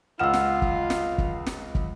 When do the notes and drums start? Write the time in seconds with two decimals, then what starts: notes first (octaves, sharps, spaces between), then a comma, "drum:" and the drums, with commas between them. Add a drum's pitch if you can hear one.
0.19 C#2 F4 F#5 E6 F6 E7
0.34 drum: snare
0.62 drum: kick
0.90 drum: snare
1.18 drum: kick
1.46 drum: snare
1.75 drum: kick